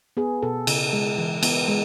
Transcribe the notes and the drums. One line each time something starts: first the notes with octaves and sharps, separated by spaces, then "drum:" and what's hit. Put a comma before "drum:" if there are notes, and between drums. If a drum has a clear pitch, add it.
B3 G#4
B2 A4
C#3, drum: cymbal
G#3
E3
B3, drum: cymbal
G#3